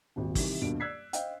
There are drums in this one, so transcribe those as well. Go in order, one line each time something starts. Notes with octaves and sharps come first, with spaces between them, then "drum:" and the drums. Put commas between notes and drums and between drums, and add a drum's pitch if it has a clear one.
D#1 G#1
C3 D#3 E3 G3, drum: kick, open hi-hat
D#1 G2 B2 A#3 D7
D5 E6 F#6 G#6 B6 C7
C5 D#5 F5 G5, drum: hi-hat